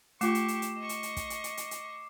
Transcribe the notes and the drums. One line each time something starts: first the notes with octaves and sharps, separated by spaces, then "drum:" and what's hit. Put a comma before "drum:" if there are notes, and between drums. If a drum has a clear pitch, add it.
A3 F4 G4 C#6 D6 C7 E7, drum: hi-hat
drum: hi-hat
drum: hi-hat
drum: hi-hat
D#5 C#6
drum: hi-hat
drum: hi-hat
drum: kick, hi-hat
drum: hi-hat
drum: hi-hat
drum: hi-hat
drum: hi-hat